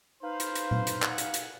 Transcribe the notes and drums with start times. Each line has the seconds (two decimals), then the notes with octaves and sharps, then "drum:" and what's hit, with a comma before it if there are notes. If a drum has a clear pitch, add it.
0.23 D#4 B4 C5 F5
0.40 drum: hi-hat
0.56 drum: hi-hat
0.71 drum: tom A#2
0.87 drum: hi-hat
1.02 F#5 G#5, drum: clap
1.18 drum: hi-hat
1.34 drum: hi-hat